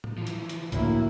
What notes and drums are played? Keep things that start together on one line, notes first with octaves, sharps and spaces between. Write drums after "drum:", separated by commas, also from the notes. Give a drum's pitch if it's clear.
drum: tom A2
E3 F3
drum: hi-hat
drum: hi-hat
D2 A2 A#3 E4, drum: kick C2, hi-hat